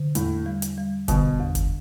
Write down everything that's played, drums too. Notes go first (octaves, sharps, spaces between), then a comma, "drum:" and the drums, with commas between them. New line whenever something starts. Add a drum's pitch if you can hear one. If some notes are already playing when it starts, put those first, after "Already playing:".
Already playing: D3
E2 A2, drum: hi-hat
G3
drum: hi-hat
G3
B2 D3, drum: kick F#1, hi-hat
E2
drum: kick F#1, hi-hat